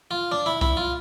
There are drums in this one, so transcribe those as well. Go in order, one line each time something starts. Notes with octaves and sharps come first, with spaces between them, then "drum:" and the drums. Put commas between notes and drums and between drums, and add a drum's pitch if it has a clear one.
F4
D4
E4
E4, drum: kick C2
F4